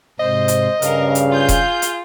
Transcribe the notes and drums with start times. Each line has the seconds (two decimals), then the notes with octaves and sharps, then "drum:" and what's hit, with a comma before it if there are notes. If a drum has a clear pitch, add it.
0.20 G#2 C3 C5 D#5
0.48 drum: hi-hat
0.82 G2 C#3 A#4 F5, drum: hi-hat
1.15 drum: hi-hat
1.32 F4 G#4 G6
1.48 drum: kick E1, hi-hat
1.82 drum: hi-hat